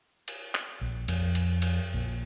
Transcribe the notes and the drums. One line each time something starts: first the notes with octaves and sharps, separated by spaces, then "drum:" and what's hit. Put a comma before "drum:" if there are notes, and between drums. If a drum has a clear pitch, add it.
drum: cymbal
drum: clap
A#1
F2, drum: cymbal
drum: cymbal
drum: cymbal
A#1